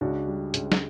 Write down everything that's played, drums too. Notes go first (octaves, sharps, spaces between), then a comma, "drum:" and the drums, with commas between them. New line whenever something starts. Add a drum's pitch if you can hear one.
C#2 D4 F#4
G3
C#2, drum: hi-hat
drum: snare